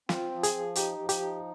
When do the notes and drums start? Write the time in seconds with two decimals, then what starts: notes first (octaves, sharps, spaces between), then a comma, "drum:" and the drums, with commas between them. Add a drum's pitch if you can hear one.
0.09 C4 F4, drum: snare
0.31 F3
0.43 G#4, drum: hi-hat
0.54 F3
0.75 D#4 G4, drum: hi-hat
0.98 F3
1.09 G4, drum: hi-hat
1.20 D#4